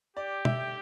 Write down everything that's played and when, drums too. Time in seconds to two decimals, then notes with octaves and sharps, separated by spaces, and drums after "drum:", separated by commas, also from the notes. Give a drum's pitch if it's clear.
0.17 G4 D5
0.45 E5, drum: tom